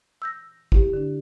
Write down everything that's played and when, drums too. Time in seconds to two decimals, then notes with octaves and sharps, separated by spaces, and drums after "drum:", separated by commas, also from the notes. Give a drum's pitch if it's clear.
0.22 E6 G6 A#6
0.72 E4 G4, drum: kick
0.93 D3 D4